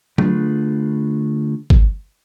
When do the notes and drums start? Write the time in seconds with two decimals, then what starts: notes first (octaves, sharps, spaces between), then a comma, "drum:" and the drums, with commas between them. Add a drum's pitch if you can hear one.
0.18 D3 A3 D4 F4 G#4 B4, drum: tom F#3
1.70 drum: kick